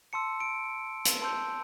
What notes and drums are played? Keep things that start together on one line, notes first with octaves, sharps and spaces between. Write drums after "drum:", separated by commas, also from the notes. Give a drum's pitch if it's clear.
A5 C6 E6 C#7
D7
drum: hi-hat
A5 C6 E6 G6